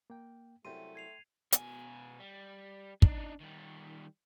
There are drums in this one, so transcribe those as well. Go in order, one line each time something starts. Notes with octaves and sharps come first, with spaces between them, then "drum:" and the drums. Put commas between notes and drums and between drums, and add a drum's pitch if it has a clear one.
A#3 G5
C2 F#2 A3 G5 C6 D#7
G#6 C7 F7
B2 G#5, drum: hi-hat
G3
D4 D#4, drum: kick
D#3 G3